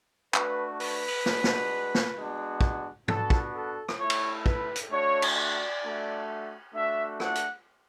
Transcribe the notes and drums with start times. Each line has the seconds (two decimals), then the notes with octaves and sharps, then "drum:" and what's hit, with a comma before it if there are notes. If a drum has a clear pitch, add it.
0.34 A3 D4 F#4 B4, drum: clap
0.80 B4, drum: open hi-hat
1.08 drum: open hi-hat
1.26 G#3 D4 F#4, drum: snare
1.44 drum: snare
1.95 drum: snare
2.17 G#3 B3 D4 F#4
2.61 drum: kick
3.08 B3 D4 F#4 A4, drum: tom
3.30 drum: kick
3.54 A4
3.89 drum: rim click
3.99 A3 E4 C#5
4.10 drum: cymbal
4.46 B4, drum: kick
4.76 drum: hi-hat
4.91 A3 D4 F#4 C#5
5.22 drum: cymbal
5.37 D5
5.83 A3 D4 F#4
6.74 A3 D4 F#4 E5
7.20 F#5, drum: rim click
7.35 drum: hi-hat